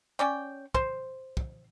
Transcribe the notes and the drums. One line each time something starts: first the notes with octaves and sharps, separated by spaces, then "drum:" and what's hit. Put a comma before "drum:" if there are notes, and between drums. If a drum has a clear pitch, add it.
C#4 D5 G5
C5, drum: kick
drum: kick